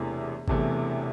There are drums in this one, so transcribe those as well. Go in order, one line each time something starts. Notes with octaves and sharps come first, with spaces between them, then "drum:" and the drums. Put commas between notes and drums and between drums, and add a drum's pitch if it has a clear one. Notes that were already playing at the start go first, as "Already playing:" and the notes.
Already playing: E1 E2 C3 E3 A3
E1 E2 C3 E3 A3, drum: kick G#1